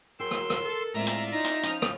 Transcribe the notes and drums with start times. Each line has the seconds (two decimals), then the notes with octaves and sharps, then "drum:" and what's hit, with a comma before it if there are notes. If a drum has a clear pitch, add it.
0.20 F#3 G#4 A#4 G5 C6 E6
0.31 drum: rim click
0.50 drum: rim click
0.63 A4
0.94 A2 G#3 C4 F4 D5 E5 A#5
1.07 drum: hi-hat
1.32 C#4 D#4 A#5
1.44 drum: hi-hat
1.63 F3 C#4 F5 D#6 F6, drum: hi-hat
1.82 drum: rim click